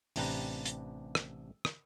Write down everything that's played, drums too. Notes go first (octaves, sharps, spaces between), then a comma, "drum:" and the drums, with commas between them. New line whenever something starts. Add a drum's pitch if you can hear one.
A1 C3 D4 G4 B4 A#5, drum: open hi-hat
drum: hi-hat
drum: rim click
drum: rim click